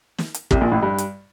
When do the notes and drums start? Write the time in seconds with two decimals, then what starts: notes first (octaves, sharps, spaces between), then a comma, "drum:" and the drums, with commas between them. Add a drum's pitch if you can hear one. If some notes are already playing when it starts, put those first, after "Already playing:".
0.18 drum: snare
0.34 drum: hi-hat
0.51 C2 C3, drum: kick
0.61 A#1 A#2
0.72 A1 A2
0.83 G2
0.98 drum: hi-hat